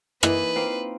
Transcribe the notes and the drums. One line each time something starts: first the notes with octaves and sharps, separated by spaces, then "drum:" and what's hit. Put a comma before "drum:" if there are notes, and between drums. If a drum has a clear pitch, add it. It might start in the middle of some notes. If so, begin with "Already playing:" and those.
E3 A#3 D#4 B4, drum: rim click
A#3 C4 F4